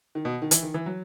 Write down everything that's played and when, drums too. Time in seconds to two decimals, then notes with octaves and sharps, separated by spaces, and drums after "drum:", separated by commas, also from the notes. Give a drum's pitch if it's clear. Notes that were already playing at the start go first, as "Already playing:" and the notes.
0.15 D#3
0.25 B2
0.42 D#3
0.51 E3, drum: hi-hat
0.63 D#3
0.74 E3
0.86 F#3